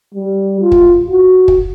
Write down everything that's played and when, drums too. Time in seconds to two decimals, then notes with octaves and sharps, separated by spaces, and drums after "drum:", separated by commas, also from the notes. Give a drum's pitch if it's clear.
0.15 G3
0.61 F4
0.72 drum: kick
1.10 F#4
1.48 drum: kick